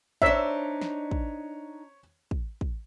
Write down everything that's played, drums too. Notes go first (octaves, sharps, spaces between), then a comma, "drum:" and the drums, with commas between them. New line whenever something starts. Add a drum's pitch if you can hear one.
D4 D#4 C5 C#5 E5 B6, drum: kick
drum: snare
drum: kick
drum: kick
drum: kick